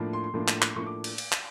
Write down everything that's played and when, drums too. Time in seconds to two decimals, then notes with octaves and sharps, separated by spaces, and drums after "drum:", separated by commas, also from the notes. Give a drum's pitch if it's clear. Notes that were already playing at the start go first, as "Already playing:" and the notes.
Already playing: A2 F3 A#3 D4
0.13 C6
0.24 C6
0.34 A2 F3 A#3 D4
0.48 drum: clap
0.62 drum: clap
0.76 A2 F3 A#3 D4 C#6
0.87 D6
1.04 drum: cymbal
1.18 drum: cymbal
1.32 drum: clap